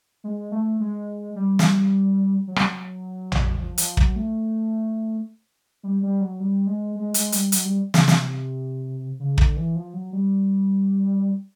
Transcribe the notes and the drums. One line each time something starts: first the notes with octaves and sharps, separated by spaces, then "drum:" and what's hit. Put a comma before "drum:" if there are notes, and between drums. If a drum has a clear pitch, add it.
G#3
A3
G#3
G3
drum: snare
F#3
G3, drum: rim click
F#3
drum: tom A1
F3
F3, drum: hi-hat
F#3, drum: kick
A3
G3
G3
F#3
G3
G#3
G#3
G#3, drum: hi-hat
G3, drum: hi-hat
F#3, drum: hi-hat
G3
C#3, drum: snare
C3, drum: snare
C#3
D3, drum: kick
E3
F3
F#3
G3